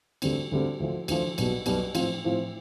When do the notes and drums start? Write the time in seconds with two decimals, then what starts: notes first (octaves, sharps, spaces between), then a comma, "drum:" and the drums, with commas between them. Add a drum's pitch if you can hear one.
0.22 D2 D3 G3 C4, drum: cymbal
0.52 D2 D3 G3 C4
0.80 D2 D3 F3
1.08 D2 D3 F3, drum: cymbal
1.38 B1 B2 G3 B3, drum: cymbal
1.66 B1 B2 G3 B3, drum: cymbal
1.95 A2 F3 C4 F4, drum: cymbal
2.24 A2 F3 C4 F4